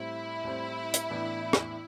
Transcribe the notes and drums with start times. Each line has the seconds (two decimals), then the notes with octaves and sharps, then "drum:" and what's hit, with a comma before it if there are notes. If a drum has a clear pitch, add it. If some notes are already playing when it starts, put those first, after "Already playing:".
Already playing: A2 G3 C4 E4
0.44 A2 G3 C4
0.94 drum: hi-hat
1.10 A2 E3 B3 D4
1.53 drum: rim click